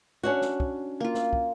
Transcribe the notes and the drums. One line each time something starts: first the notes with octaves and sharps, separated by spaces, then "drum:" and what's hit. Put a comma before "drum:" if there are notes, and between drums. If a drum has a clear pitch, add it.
C#4 D4 F#4
drum: snare
drum: kick
A#3 F4
drum: snare
drum: kick